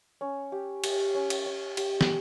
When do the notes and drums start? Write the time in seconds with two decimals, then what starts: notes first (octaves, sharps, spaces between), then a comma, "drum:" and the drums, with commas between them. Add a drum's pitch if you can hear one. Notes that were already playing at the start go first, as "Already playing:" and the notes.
0.21 C#4
0.52 G4
0.84 G4, drum: cymbal
1.15 C#4
1.30 drum: cymbal
1.46 C#4
1.77 G4, drum: cymbal
2.01 drum: snare